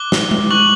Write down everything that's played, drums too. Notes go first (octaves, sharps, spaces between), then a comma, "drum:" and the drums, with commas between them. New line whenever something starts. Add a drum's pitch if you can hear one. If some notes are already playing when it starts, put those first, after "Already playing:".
Already playing: D6 F#6 G7
drum: snare
drum: tom G#3
C#6 F#6 F#7